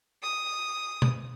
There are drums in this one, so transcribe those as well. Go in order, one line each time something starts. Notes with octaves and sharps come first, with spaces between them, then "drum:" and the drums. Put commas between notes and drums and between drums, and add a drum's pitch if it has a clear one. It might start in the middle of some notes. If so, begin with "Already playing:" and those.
D#6
drum: tom B2